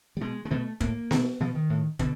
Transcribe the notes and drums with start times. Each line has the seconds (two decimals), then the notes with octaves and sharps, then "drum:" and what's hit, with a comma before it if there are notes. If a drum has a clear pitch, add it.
0.17 G3
0.21 B2 G#3
0.45 G#3
0.51 B2 A3
0.81 A2 A#3, drum: kick
1.11 B2, drum: snare B3
1.40 B2 F3
1.55 D#3
1.70 A2
1.99 B2 D3, drum: kick